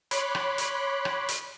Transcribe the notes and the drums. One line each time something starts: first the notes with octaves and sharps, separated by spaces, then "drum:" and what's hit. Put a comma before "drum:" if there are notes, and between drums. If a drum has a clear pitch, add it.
C#5 B5 C6 D6 F#6, drum: hi-hat
drum: rim click
drum: hi-hat
drum: rim click
drum: hi-hat